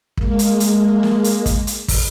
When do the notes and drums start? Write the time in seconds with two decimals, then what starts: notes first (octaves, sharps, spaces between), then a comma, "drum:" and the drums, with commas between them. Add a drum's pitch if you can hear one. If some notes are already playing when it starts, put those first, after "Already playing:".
0.17 G#3 A#3, drum: kick
0.39 drum: hi-hat
0.60 drum: hi-hat
1.03 drum: snare
1.24 drum: hi-hat
1.46 drum: kick, hi-hat
1.67 drum: hi-hat
1.88 drum: kick, open hi-hat